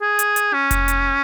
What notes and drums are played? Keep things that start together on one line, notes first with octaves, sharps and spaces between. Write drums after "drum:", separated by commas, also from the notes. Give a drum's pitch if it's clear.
G#4
drum: hi-hat
drum: hi-hat
C#4
drum: kick F1, hi-hat
drum: hi-hat